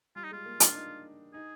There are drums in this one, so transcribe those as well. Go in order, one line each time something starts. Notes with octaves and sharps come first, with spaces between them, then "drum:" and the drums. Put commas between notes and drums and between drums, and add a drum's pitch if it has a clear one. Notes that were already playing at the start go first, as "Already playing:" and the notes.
G3 F4
D#4
G#3 F4
A#3
D4, drum: hi-hat
D#4
D#4 G#4